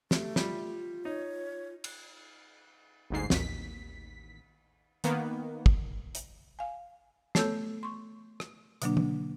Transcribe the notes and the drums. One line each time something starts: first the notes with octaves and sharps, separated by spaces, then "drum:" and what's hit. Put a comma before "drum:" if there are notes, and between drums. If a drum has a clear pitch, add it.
A3 G4, drum: snare
G3 F4, drum: snare
D#4 C#5
drum: cymbal
G1 D2 G#2 C7
A1 D#2 B6, drum: snare
D#3 A#3 B3, drum: hi-hat
drum: kick
drum: hi-hat
F5 G#5
A3 B3 A4 C#5 E6 G6, drum: snare
C6 C#6
drum: rim click
B2 D3 F#3 A#3 D4, drum: hi-hat
drum: tom